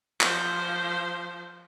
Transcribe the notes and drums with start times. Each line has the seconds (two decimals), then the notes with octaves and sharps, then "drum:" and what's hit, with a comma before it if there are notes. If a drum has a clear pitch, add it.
0.21 F3 C5, drum: clap